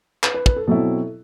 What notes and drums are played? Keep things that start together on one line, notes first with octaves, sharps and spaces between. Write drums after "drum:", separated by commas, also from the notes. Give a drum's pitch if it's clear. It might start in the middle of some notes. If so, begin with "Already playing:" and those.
B4, drum: clap
B4
B4, drum: kick
A4
B2 F#3 C4 E4 A4